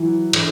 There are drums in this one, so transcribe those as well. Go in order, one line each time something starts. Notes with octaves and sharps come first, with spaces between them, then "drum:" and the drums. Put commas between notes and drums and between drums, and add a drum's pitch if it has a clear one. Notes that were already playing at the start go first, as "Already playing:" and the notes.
Already playing: E3 F#3
D3 E3, drum: cymbal